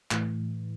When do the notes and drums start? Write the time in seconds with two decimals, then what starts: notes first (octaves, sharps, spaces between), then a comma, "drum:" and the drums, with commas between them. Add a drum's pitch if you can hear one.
0.11 A2 E3, drum: clap